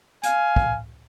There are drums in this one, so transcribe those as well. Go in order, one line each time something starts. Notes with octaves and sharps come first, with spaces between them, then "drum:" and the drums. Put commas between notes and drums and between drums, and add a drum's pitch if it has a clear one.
F5 G#5, drum: hi-hat
drum: kick